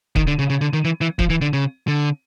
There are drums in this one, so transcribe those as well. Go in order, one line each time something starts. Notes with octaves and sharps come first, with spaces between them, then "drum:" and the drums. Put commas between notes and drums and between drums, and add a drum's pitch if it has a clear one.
D#3, drum: kick
D3
C#3
C#3
D3
D#3
E3
E3
F3, drum: kick
E3
D3
C#3
D3